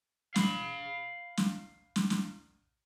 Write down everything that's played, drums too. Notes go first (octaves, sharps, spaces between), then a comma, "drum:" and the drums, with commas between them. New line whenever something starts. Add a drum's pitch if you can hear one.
F5 B5, drum: snare
drum: snare
drum: snare
drum: snare